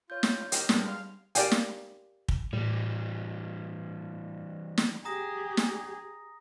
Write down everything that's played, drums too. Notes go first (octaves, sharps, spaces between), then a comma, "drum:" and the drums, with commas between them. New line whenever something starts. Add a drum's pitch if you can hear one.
F4 C#5 G6
drum: snare
G4 A#4 D#5, drum: hi-hat
G3 G#3 B3 D4 A#4, drum: snare
F5 F6
G4 A#4 D5 F5 G5 G#5, drum: hi-hat
drum: snare
drum: kick
A2 E3 G3
drum: snare
G4 G#4 A#5 D#6 A#6
drum: snare